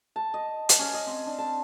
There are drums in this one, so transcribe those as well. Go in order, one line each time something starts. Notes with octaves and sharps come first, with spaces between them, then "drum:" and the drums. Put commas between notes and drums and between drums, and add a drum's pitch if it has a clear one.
A5
D#5
drum: hi-hat
C#4
D#5
C4
D4
A5